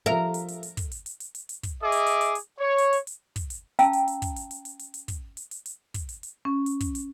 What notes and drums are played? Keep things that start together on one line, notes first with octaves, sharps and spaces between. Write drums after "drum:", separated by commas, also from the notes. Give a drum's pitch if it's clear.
F3 A#4 E5
drum: hi-hat
drum: hi-hat
drum: hi-hat
drum: kick, hi-hat
drum: hi-hat
drum: hi-hat
drum: hi-hat
drum: hi-hat
drum: hi-hat
drum: kick, hi-hat
G#4 D#5 E5 D6
drum: hi-hat
drum: hi-hat
drum: hi-hat
drum: hi-hat
C#5
drum: hi-hat
drum: hi-hat
drum: hi-hat
drum: kick, hi-hat
drum: hi-hat
C#4 F5 G5 A5 A#5 E6, drum: hi-hat
drum: hi-hat
drum: hi-hat
drum: kick, hi-hat
drum: hi-hat
drum: hi-hat
drum: hi-hat
drum: hi-hat
drum: hi-hat
drum: kick, hi-hat
drum: hi-hat
drum: hi-hat
drum: hi-hat
drum: kick, hi-hat
drum: hi-hat
drum: hi-hat
C#4
drum: hi-hat
drum: kick, hi-hat
drum: hi-hat